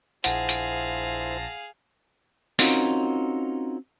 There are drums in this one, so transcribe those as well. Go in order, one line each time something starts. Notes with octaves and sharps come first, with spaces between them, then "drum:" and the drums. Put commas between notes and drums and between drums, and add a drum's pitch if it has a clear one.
A#1 E4 G#4 C5 F5 F#5 A5 A#6, drum: hi-hat
drum: hi-hat
C4 C#4 D#4 F4 F#4 A#4, drum: open hi-hat